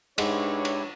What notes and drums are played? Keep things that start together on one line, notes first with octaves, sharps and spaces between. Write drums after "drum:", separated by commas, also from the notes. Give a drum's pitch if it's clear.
G#2 D4 E4 G4 B4 C#5, drum: cymbal
drum: cymbal